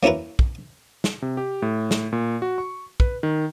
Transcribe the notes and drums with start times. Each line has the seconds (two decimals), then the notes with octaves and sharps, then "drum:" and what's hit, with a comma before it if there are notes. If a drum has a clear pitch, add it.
0.03 A#3 C#4 E4 A#4 B4
0.39 drum: kick
1.04 drum: snare
1.22 C3
1.37 G4
1.62 A2
1.91 drum: snare
2.13 A#2
2.42 F#4
2.58 C#6
3.00 B4, drum: kick
3.23 D#3